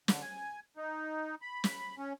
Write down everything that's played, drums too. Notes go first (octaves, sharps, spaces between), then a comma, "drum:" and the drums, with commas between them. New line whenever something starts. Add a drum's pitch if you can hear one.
D3, drum: snare
G#5
D#4
B5
drum: snare
C#4